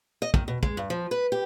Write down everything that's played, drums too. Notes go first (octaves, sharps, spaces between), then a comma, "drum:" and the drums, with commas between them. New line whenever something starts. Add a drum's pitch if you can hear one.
D#5
D#3, drum: kick
B2
G#3, drum: kick
G2
F3
B4
G4